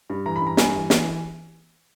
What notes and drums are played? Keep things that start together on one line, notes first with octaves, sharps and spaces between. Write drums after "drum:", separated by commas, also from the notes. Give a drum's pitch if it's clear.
G2
E3 A#5
B5
G2
A#5
G2 G#5, drum: snare
E3
E3, drum: snare